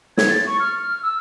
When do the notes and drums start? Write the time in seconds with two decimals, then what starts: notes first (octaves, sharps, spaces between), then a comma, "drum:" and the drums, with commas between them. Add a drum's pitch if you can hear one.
0.17 G#6, drum: snare
0.29 A6
0.47 C#6
0.60 F6
0.73 F6
1.03 E6